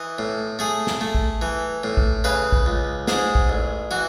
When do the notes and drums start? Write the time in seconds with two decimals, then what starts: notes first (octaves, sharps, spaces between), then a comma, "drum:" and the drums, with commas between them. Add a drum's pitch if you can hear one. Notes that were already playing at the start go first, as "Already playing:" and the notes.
Already playing: E3 D#5
0.18 A2
0.59 A3 G#4
0.87 drum: snare
1.01 A3
1.15 drum: kick
1.42 E3
1.84 A2
1.97 drum: kick
2.24 C#3 B4
2.52 drum: kick
2.66 C#2
3.08 G#2 G#4, drum: snare
3.35 drum: kick
3.49 A1
3.91 E3 F#4